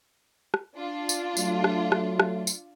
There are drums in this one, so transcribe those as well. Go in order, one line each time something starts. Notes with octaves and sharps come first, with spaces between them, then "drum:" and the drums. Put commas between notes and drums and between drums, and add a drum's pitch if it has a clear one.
drum: rim click
D4 F4
drum: tambourine
F#3 A3, drum: tambourine
drum: rim click
drum: rim click
drum: rim click
drum: tambourine